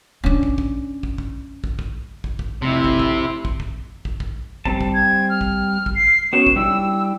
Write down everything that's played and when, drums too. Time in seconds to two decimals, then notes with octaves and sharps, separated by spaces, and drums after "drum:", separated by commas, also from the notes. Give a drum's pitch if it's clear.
0.24 C#4 D4
0.43 drum: kick
0.58 drum: kick
1.03 drum: kick
1.18 drum: kick
1.64 drum: kick
1.79 drum: kick
2.24 drum: kick
2.39 drum: kick
2.62 F1 C3 E4
2.84 drum: kick
2.99 drum: kick
3.45 drum: kick
3.60 drum: kick
4.05 drum: kick
4.20 drum: kick
4.65 G3 C4 A5, drum: kick
4.81 drum: kick
4.94 G#6
5.29 F6
5.41 drum: kick
5.86 drum: kick
5.95 C7
6.33 B3 C#4 F#4 E7
6.47 drum: kick
6.56 G3 D4 E4 E6